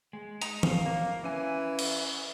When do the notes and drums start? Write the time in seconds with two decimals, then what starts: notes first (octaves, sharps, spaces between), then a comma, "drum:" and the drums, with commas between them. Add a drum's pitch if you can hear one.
0.13 G#3
0.42 D#4 A#5 D#6, drum: hi-hat
0.63 F5, drum: tom E3
0.86 A#3
1.24 E3 C#4 G#5
1.79 drum: cymbal